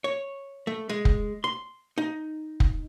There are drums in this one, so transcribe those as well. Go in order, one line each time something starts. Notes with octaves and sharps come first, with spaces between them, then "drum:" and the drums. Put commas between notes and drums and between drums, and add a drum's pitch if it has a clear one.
C#5
A3
G#3
drum: kick
C6
D#4
drum: kick